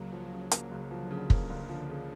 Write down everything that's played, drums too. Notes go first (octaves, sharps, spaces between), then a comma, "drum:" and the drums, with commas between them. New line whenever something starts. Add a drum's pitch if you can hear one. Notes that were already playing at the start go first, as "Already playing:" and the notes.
Already playing: C#2 F#3 A#3
F3
C#3
F#3 A#3, drum: hi-hat
C#2
D3 F3
C#3
D3 A#3, drum: kick
C#2
F3
C#3